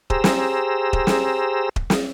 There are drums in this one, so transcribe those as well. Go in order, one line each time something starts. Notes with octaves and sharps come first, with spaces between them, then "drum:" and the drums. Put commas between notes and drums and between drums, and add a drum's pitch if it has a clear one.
G4 G#4 C5 A#5 E6, drum: kick D#1
drum: snare
drum: kick D#1
drum: snare
drum: kick D#1
drum: snare